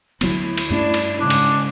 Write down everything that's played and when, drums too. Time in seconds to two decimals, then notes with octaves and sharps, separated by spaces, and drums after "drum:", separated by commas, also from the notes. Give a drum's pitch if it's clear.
0.21 D2 F#3 B3 E4, drum: cymbal
0.58 drum: cymbal
0.70 G2 A3 C#4 D4
0.94 drum: cymbal
1.21 G#2 C#3 D4
1.30 drum: cymbal